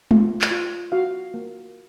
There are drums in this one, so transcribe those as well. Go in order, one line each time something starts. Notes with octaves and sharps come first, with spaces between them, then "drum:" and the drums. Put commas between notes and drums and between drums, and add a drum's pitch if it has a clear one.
F4, drum: tom
drum: clap
F4
F#4 F5
A#3